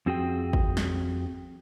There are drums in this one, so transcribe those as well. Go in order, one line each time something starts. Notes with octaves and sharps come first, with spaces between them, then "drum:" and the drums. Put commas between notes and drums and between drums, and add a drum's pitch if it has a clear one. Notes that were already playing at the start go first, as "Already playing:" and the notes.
F2 C4 F#4 G#4 G5
drum: kick G#1
drum: snare